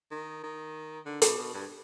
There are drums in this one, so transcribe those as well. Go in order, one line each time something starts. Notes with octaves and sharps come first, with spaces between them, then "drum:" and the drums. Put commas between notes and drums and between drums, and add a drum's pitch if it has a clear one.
D#3
D#3
D3
B2, drum: hi-hat
B2
G2